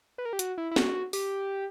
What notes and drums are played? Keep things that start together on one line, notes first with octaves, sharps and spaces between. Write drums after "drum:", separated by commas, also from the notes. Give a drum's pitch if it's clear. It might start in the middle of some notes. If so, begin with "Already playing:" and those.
B4
A#4
G4
F#4, drum: hi-hat
E4
E4
F#4, drum: snare
G4, drum: open hi-hat